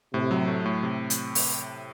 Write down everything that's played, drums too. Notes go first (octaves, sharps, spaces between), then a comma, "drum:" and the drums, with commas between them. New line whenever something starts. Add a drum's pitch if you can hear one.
A2 C3
F#3
A3
A2
C3
drum: hi-hat
drum: open hi-hat